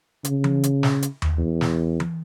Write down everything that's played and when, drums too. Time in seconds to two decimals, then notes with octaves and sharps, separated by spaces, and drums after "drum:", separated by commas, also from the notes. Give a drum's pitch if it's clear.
0.24 C#3, drum: hi-hat
0.44 drum: tom E3
0.63 drum: hi-hat
0.83 drum: snare
1.02 drum: hi-hat
1.22 drum: tom D#2
1.38 E2
1.61 drum: snare
2.00 drum: tom E3